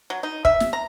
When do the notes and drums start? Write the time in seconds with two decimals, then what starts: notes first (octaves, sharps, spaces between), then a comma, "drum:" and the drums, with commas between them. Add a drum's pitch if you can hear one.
0.10 F#3
0.23 D#4
0.45 E5, drum: kick
0.60 drum: snare
0.73 A#5